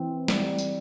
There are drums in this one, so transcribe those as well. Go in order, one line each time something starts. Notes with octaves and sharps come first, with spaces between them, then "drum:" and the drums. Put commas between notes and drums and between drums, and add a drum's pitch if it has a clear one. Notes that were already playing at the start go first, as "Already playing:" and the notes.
Already playing: E3 C4
G3, drum: snare
drum: tambourine